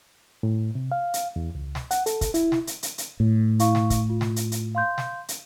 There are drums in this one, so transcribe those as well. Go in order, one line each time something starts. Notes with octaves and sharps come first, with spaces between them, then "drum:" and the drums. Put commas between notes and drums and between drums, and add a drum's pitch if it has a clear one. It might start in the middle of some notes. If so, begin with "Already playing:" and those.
A2
C3
F5
drum: hi-hat
E2
C#2
drum: snare
F#5, drum: hi-hat
A4, drum: hi-hat
drum: kick, hi-hat
E4, drum: hi-hat
drum: snare
drum: hi-hat
drum: hi-hat
drum: hi-hat
A2
E4 F5 C#6, drum: hi-hat
drum: snare
drum: kick, hi-hat
F4
drum: snare
drum: hi-hat
drum: hi-hat
F5 C6 G6
drum: snare
drum: hi-hat